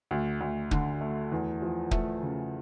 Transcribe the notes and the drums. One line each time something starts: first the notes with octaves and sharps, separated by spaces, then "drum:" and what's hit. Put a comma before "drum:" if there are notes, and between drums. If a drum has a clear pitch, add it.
D2
D2
D3, drum: kick
A3
E2
F3
A3, drum: kick
C#3